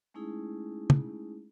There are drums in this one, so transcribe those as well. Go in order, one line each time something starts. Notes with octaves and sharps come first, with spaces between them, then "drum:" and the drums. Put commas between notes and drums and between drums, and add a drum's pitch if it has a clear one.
G#3 A3 C#4 D#4 E4 G#4
drum: tom